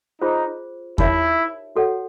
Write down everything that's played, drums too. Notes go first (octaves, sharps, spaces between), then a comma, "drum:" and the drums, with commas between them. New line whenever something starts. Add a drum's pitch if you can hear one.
D#4 F4 G#4 C5
D#4 E4 G4 A#4 C#5 E5, drum: kick E2
F#4 A4 C#5 F#5